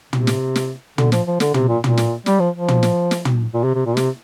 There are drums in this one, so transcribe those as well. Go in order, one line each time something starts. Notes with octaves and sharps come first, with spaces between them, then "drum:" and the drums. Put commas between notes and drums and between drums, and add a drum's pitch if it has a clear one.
C3, drum: tom
drum: snare
drum: snare
D3, drum: tom
F3, drum: snare
F3
D3, drum: snare
C3, drum: tom
A#2
A#2, drum: tom
drum: snare
G3, drum: snare
F3
F3
drum: tom
drum: snare
drum: snare
drum: tom
A#2
C3
C3
A#2
C3, drum: snare